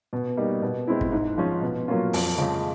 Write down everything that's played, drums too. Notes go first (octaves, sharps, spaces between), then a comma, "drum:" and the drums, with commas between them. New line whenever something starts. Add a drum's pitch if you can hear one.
B2
G3 A#3 D#4
B2
G#3 C4 E4
drum: kick
G#2
F3 G#3 C#4
B2
F#3 A#3 C#4 F4
F2, drum: open hi-hat
C#3 F3 G#3 C#4